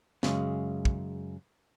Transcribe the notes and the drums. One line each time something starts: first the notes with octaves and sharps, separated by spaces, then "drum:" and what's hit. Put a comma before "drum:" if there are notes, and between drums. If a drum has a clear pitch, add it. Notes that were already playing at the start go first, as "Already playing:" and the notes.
F#2 C#3 G#3, drum: snare
drum: kick